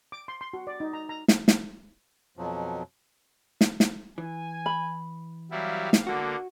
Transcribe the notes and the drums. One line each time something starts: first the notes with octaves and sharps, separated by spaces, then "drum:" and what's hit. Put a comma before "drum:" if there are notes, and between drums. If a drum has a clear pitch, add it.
D6
C6
C6
F#4
D5
D#4
A#5
A#5
drum: snare
drum: snare
F2 B2 F3 F#3
drum: snare
drum: snare
E3 G#5
B5
F#3 G3 B3 E4 G4 F5
drum: snare
D3 A#3 B3 F#4 A4 F#5